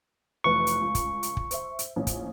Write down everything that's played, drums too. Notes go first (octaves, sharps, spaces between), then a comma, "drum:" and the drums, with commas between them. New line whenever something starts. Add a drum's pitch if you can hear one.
F1 E3 B4 C#6
drum: hi-hat
C#2
drum: kick, hi-hat
drum: hi-hat
drum: kick
C5 E5, drum: hi-hat
drum: hi-hat
A#1 A2 C#4
drum: kick, hi-hat